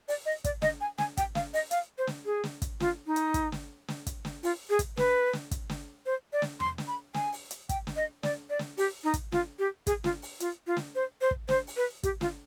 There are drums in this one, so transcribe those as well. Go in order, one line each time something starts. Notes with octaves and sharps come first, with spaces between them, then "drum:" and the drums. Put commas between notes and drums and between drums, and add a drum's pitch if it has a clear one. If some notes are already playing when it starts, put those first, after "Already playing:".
D5, drum: open hi-hat
D#5
D5, drum: kick, hi-hat
D#5, drum: snare
G#5
G#5, drum: snare
G5, drum: kick, hi-hat
F5, drum: snare
D#5, drum: open hi-hat
F5, drum: hi-hat
C5
drum: snare
G#4
drum: snare
drum: kick, hi-hat
F4, drum: snare
D#4
drum: hi-hat
drum: kick, hi-hat
drum: snare
drum: snare
drum: kick, hi-hat
drum: snare
F4, drum: open hi-hat
G#4
drum: kick, hi-hat
B4, drum: snare
drum: snare
drum: kick, hi-hat
drum: snare
C5
D5
drum: snare
C6, drum: tom E2
drum: snare
B5
G#5, drum: snare
drum: open hi-hat
drum: hi-hat
G5, drum: kick, hi-hat
drum: snare
D#5
D5, drum: snare
D5
drum: snare
G4, drum: open hi-hat
D#4
drum: kick, hi-hat
F4, drum: snare
G4
G#4, drum: kick, hi-hat
F4, drum: snare
drum: open hi-hat
F4, drum: hi-hat
F4
drum: snare
C5
C5
drum: kick
C5, drum: snare
drum: open hi-hat
B4
G4, drum: kick, hi-hat
F4, drum: snare